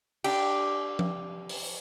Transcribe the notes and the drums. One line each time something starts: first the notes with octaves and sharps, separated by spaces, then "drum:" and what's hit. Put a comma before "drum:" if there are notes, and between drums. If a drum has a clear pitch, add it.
D4 G4, drum: cymbal
drum: tom F3
drum: open hi-hat